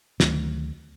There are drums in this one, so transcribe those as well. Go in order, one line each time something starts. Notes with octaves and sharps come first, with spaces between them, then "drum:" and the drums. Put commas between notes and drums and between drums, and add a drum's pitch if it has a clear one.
D2 D#3 F#3 A3, drum: snare